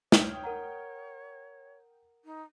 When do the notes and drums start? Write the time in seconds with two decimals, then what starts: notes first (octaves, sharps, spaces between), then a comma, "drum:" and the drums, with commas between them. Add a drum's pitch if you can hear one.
0.12 C#5 G5 D#6 F6, drum: snare
0.44 A#4 F#5 A#5
2.25 D#4